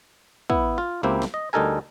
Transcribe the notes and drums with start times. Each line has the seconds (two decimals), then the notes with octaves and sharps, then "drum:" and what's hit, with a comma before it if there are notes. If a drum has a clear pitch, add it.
0.50 B3 E4, drum: kick
0.78 F4
1.03 C#2 A#3 C4 E4 G4
1.22 drum: snare
1.34 D#5
1.53 D2 G3 D#4 A4 A#4 G#5